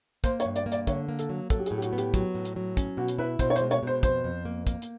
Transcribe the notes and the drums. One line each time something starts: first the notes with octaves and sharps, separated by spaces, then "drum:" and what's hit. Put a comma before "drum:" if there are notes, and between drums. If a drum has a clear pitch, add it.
A#3 C5, drum: kick, hi-hat
C#5, drum: hi-hat
G2
D5, drum: hi-hat
A#3
D5, drum: hi-hat
D3 C#5, drum: kick, hi-hat
A#3
A4, drum: hi-hat
F#3
F#3 A4, drum: kick, hi-hat
G4
G#4, drum: hi-hat
A2
G4
F#4, drum: hi-hat
B3
G4, drum: hi-hat
F#3, drum: kick, hi-hat
A2
drum: hi-hat
F#3
C#4, drum: kick, hi-hat
B2 F#4
drum: hi-hat
E4 B4
B2 C5, drum: kick, hi-hat
C#5
C5, drum: hi-hat
G#3
C#5, drum: hi-hat
B2 C5
F2 C5, drum: kick, hi-hat
F2
A#3
A#3, drum: kick, hi-hat
drum: hi-hat